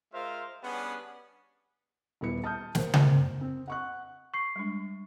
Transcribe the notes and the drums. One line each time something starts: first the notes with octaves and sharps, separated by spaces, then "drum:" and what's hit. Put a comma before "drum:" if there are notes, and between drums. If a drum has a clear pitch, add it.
G#3 F4 A#4 C5 E5 F5
G3 B3 C#4 D4 G#4 F#5
D#1 B3 E4 C#7
A5 D#6 F6 G6
A#3 C5, drum: snare
drum: tom C#3
C4
F#5 C#6 F#6
C#6 C7
G3 G#3 D4